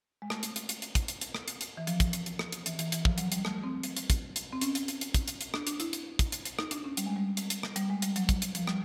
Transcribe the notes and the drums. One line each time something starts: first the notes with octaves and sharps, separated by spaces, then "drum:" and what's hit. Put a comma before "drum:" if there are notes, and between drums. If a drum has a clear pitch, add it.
G#3
A3, drum: rim click
drum: hi-hat
drum: hi-hat
drum: hi-hat
drum: hi-hat
drum: kick, hi-hat
drum: hi-hat
drum: hi-hat
drum: rim click
drum: hi-hat
drum: hi-hat
E3
F3, drum: hi-hat
drum: kick, hi-hat
drum: hi-hat
drum: hi-hat
drum: rim click
drum: hi-hat
E3, drum: hi-hat
E3, drum: hi-hat
E3, drum: hi-hat
F3, drum: kick
F#3, drum: hi-hat
G3, drum: hi-hat
A3, drum: rim click
C4
drum: hi-hat
drum: hi-hat
drum: kick, hi-hat
drum: hi-hat
C4
C#4, drum: hi-hat
drum: hi-hat
drum: hi-hat
drum: hi-hat
drum: kick, hi-hat
drum: hi-hat
drum: hi-hat
D4, drum: rim click
D4, drum: hi-hat
E4, drum: hi-hat
drum: hi-hat
drum: kick, hi-hat
drum: hi-hat
drum: hi-hat
D#4, drum: rim click
D4, drum: hi-hat
C#4
G3, drum: hi-hat
G#3
G3
drum: hi-hat
drum: hi-hat
drum: rim click
G3, drum: hi-hat
G#3
G3, drum: hi-hat
F#3, drum: hi-hat
drum: kick, hi-hat
drum: hi-hat
F3, drum: hi-hat
G3, drum: rim click